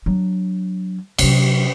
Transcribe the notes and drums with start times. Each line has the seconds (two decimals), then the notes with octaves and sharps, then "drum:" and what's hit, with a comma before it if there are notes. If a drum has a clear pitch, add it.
0.06 F#3 D4
1.19 C3 F#3, drum: cymbal